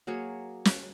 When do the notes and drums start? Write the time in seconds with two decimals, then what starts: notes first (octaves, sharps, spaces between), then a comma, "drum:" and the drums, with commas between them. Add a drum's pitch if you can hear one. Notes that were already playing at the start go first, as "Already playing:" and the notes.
0.07 F#3 A#3 G#4 C#5
0.65 drum: snare